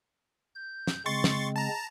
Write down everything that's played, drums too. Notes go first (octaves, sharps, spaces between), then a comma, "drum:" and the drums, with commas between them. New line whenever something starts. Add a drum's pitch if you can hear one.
G6
drum: snare
C#3 G#3 C4 C6 C#6 A6
drum: snare
A5 A#5